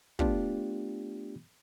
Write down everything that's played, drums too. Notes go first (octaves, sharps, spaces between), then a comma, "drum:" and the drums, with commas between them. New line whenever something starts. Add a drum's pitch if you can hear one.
A3 B3 D4 F4 G4, drum: kick